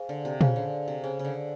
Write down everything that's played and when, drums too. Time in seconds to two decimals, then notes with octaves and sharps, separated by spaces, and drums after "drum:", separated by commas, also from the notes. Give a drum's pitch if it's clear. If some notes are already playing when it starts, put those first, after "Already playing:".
Already playing: G#4 C5 F5 G#5
0.09 D3
0.25 C3
0.41 C#3 G#4 C5 F5 G#5, drum: tom A#2
0.56 D3
0.88 C3
1.03 C#3 G#4 C5 F5 G#5
1.19 C#3
1.25 D3